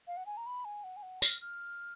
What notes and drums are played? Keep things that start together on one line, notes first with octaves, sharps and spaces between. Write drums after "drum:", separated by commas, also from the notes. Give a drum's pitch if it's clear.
F5
F#5
G#5
A#5
B5
G#5
F#5
G#5
F#5
F6, drum: tambourine
F6